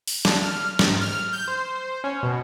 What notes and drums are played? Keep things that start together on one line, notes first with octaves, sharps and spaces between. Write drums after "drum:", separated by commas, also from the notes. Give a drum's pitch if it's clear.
drum: open hi-hat
D4, drum: snare
F6
G#2, drum: snare
F6
G6
C5
C#4
B2